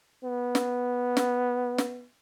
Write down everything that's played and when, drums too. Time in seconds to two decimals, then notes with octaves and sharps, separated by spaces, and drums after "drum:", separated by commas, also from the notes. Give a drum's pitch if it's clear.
0.23 B3
0.55 drum: snare
1.17 drum: snare
1.78 drum: snare